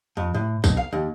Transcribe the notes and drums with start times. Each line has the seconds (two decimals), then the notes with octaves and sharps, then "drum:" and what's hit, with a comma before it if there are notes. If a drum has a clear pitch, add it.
0.17 F2
0.34 A2
0.64 B1, drum: kick, tambourine
0.77 F5
0.93 D#2